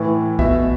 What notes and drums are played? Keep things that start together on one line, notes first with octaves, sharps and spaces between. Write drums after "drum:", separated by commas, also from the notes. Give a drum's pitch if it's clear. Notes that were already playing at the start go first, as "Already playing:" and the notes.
Already playing: A2 E3
B2 E5, drum: kick B1